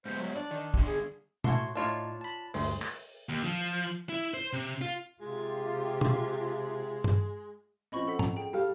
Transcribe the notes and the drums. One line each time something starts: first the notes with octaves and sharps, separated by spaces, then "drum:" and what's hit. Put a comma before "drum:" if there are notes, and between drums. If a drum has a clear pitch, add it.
G#2 B3 C5
F#3
D4 D5
D#3
G2 D3, drum: kick
G#4
A2 A3 F#4 G#5 C6, drum: tom B2
A2 D4 D#4 F4 C#5 A5
A5 B5
D2 G2 A3 C5, drum: open hi-hat
drum: clap
D#2
F3
E4
C5
C3
F4
C3 G#3 F4 G4
drum: tom B2
drum: tom
F3 C4 C#4 D#5 B5 C#6
A4 F#5 B6
A#5, drum: tom
G#4 G5
G3 A4 F5